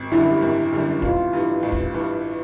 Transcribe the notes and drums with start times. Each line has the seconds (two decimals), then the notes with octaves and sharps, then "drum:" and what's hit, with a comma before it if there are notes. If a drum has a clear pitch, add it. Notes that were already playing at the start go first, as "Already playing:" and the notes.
Already playing: G#1
0.11 F#2 D3 G3 E4
0.42 G#1
0.72 F#2 D3 G3
1.02 A1 F4, drum: kick
1.33 G2 E3
1.63 A1
1.72 drum: kick
1.94 G2 E3